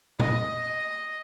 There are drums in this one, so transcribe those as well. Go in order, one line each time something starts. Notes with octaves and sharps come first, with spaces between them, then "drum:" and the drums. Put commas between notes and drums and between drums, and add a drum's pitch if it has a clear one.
D#5, drum: tom A#2